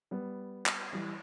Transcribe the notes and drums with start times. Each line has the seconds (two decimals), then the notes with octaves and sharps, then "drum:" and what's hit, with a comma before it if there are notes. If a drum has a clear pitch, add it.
0.11 G3 B3
0.66 drum: clap
0.93 E3 G3